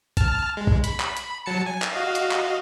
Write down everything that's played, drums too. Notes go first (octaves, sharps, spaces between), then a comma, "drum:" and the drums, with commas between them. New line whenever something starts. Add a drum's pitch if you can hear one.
A5 F6, drum: kick, hi-hat
G#3
drum: kick
B5, drum: hi-hat
drum: clap
drum: hi-hat
F#3 A5 C#7
G#5
drum: clap
F#4 D#5 F5
drum: hi-hat
drum: clap